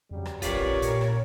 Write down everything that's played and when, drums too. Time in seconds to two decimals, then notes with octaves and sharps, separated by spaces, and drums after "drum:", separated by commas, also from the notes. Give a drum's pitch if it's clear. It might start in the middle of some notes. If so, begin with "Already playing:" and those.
0.11 F2 C#3 F#3 G3
0.26 drum: rim click
0.42 A#1 C#4 F4 G4 A#4 B4 C#5 D5, drum: kick, hi-hat
0.82 A#2, drum: hi-hat
1.01 drum: rim click